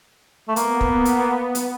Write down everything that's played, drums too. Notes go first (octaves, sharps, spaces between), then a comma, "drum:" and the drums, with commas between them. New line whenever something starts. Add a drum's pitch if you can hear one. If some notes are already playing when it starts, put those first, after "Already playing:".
A3
A#3 B3, drum: hi-hat
drum: kick
drum: hi-hat
drum: hi-hat